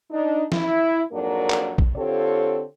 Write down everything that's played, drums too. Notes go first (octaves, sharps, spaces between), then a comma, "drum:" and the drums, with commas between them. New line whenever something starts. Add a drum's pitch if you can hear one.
D4 D#4
E4, drum: snare
F2 G#2 F#3 A#3 D4 A#4
drum: clap
drum: kick
D3 C4 F4 G4 A4 C#5